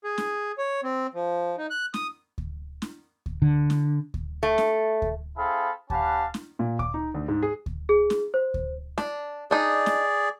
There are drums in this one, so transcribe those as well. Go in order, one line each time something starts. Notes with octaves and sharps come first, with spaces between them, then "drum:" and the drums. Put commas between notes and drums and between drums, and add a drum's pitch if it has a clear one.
G#4
drum: snare
C#5
C4
F3
D#4
F#6
D#6, drum: snare
drum: kick D2
drum: snare
drum: kick D2
D3
drum: snare
drum: kick D2
A3
drum: snare
drum: kick D2
C4 E4 G#4 A4 F5 B5
C#4 G4 B4 F5 F#5 A5, drum: kick D2
drum: snare
A#2
D6, drum: kick D2
D#4
D2
G#2
G#4
drum: kick D2
G#4
drum: snare
C5
drum: kick D2
D4, drum: snare
D4 D#4 G#4 D5
drum: snare